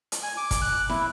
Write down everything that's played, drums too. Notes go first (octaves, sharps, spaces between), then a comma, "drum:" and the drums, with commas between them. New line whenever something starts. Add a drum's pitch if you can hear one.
drum: hi-hat
G#5
D6
drum: kick, hi-hat
F#6
E4, drum: snare